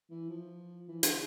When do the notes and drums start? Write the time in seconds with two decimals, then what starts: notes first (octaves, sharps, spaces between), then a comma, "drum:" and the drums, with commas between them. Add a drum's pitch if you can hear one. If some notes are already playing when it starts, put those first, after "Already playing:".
0.10 E3
0.30 F3
0.89 E3
1.03 D3, drum: hi-hat